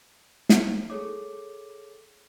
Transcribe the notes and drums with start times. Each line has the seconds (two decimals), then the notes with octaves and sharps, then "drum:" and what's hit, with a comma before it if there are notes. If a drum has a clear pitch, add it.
0.49 drum: snare
0.90 G#4 A4 C#5 D6